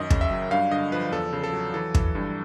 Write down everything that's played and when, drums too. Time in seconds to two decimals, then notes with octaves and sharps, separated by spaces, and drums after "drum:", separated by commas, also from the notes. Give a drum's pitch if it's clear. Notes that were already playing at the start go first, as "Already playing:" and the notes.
Already playing: F#2 D#3 D#5
0.10 C#3, drum: kick
0.21 E5
0.31 F#3
0.51 G2 F5
0.71 D3 D#5
0.92 F3 B4
1.12 E2 A4
1.33 C#3
1.44 A4
1.53 F#3
1.74 E3 A4
1.94 E3, drum: kick
2.15 G2